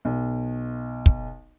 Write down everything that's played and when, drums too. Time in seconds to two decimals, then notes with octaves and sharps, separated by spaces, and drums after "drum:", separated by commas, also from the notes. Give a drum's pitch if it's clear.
0.05 B1
1.06 drum: kick